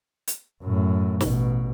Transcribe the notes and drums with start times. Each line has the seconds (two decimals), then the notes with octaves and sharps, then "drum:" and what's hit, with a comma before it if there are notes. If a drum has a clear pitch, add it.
0.27 drum: hi-hat
0.63 F#2 A2
1.21 A1 B2, drum: snare